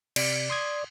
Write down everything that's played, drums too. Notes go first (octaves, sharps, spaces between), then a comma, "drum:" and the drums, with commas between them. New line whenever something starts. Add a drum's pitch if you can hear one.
C3 D5 C#7, drum: cymbal
C6 D#6 G#6